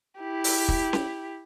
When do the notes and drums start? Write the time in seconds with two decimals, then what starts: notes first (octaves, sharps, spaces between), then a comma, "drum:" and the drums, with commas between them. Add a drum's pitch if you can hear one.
0.20 E4 G4
0.44 drum: open hi-hat
0.69 drum: kick
0.93 drum: snare C#4